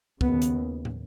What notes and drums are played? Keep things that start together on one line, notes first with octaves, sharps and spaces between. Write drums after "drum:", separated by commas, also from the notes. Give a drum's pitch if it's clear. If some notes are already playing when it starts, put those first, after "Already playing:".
D#2 C#3 B3, drum: kick
drum: hi-hat
drum: tom